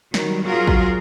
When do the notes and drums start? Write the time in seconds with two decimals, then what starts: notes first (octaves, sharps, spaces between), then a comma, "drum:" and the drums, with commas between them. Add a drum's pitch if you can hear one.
0.14 D#3 F#3 G3, drum: snare
0.44 F#3 F4 F#4 G#4 A#4
0.67 drum: kick